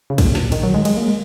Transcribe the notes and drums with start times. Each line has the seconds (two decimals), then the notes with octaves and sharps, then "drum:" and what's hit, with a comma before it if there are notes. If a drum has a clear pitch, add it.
0.10 C#3
0.18 A#2, drum: kick, cymbal
0.35 drum: snare
0.52 D#3, drum: cymbal
0.63 F#3
0.74 G#3
0.85 G#3, drum: cymbal
0.97 A#3
1.07 G#3